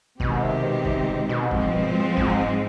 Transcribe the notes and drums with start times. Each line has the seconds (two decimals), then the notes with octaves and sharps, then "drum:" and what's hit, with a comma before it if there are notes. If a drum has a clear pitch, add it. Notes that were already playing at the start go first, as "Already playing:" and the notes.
0.20 B2 D#3 G#3 C4 G4, drum: kick
0.42 C3
0.63 B2
0.85 C3, drum: kick
1.07 B2
1.29 B2
1.51 G#2 F3 G#3 C4, drum: kick
1.72 B2
2.17 G#2, drum: kick